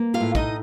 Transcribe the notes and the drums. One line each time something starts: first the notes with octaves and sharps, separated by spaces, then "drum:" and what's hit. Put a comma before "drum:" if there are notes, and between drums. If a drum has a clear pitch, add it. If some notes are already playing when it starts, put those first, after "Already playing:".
Already playing: A#3
F4 F5
A2
D#4 D#5, drum: kick